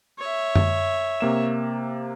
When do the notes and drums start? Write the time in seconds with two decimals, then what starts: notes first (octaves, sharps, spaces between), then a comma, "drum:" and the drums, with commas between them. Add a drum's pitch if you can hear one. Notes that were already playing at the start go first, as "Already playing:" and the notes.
0.19 C#5 E5
0.55 drum: tom F#2
1.21 C3 A#3 E7